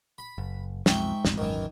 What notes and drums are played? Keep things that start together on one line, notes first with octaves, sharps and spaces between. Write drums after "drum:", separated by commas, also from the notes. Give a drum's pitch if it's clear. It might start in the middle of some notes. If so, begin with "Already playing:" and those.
B5
F#1
B1 F2 G#2 E5 G5 C#6, drum: snare
E1 A1 F2, drum: snare
D#1 G#1 F#2 D#3 E3